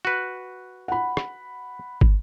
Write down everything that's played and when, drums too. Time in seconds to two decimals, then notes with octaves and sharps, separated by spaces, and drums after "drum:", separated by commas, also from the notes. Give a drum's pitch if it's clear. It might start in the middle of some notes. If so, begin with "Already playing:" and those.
0.05 F#4 B4
0.88 F#5 B5
1.17 drum: rim click
2.01 drum: kick